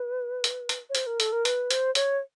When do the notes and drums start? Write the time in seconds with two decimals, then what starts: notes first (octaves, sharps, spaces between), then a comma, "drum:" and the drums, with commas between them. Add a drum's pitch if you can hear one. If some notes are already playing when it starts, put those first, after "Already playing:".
Already playing: B4
0.44 drum: hi-hat
0.69 drum: hi-hat
0.90 C#5
0.95 C5, drum: hi-hat
1.07 A#4
1.20 A4, drum: hi-hat
1.32 A#4
1.45 B4, drum: hi-hat
1.71 C5, drum: hi-hat
1.95 C#5, drum: hi-hat